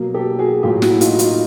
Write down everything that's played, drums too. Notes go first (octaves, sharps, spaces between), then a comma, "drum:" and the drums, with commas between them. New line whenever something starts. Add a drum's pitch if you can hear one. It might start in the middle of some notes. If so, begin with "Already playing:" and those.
Already playing: B2 F#3 A#3
G4 A4
F#4 G#4
A2 F#3 A#3 F4 G4
E4 F#4, drum: snare
D#4 F4, drum: hi-hat
D#4 F4, drum: hi-hat